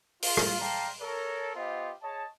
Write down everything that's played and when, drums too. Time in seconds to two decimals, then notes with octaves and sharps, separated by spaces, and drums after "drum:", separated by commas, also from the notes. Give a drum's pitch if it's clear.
0.22 F4, drum: open hi-hat
0.37 drum: rim click
0.60 D5 F5 G5 A5 A#5 C6
1.01 A4 A#4 C#5
1.55 B3 F4 G4 C5 D#5
2.02 G#4 C#5 D#5 A5